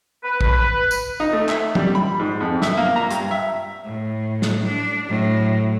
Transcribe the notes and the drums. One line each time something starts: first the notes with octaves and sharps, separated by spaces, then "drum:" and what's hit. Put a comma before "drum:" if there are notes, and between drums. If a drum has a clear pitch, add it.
B4
drum: kick
B4
drum: tambourine
D#4
A3
E5, drum: clap
G3, drum: tom
B5
G#2
F2
E5, drum: snare
A#3
A#5
G2, drum: hi-hat
E5
A2
drum: snare
D4
A2 F#3